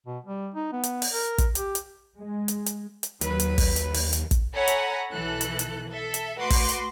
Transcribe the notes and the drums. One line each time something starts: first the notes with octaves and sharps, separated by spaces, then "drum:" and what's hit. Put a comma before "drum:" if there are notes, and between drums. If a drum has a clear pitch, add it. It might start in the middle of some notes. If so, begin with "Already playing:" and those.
B2
G3
D#4
B3
drum: hi-hat
drum: open hi-hat
A#4
drum: kick, hi-hat
G4, drum: hi-hat
drum: hi-hat
G#3
drum: hi-hat
drum: hi-hat
drum: hi-hat
D#2 F#3 B4, drum: hi-hat
drum: hi-hat
drum: kick, open hi-hat
drum: hi-hat
drum: open hi-hat
drum: hi-hat
drum: kick, hi-hat
A4 C#5 F#5 G#5 A#5 B5
drum: hi-hat
B1 E3 A4 F#6
drum: hi-hat
drum: hi-hat
A4 E5
drum: hi-hat
A3 F#4 B4 C6 D6
drum: kick, open hi-hat
drum: hi-hat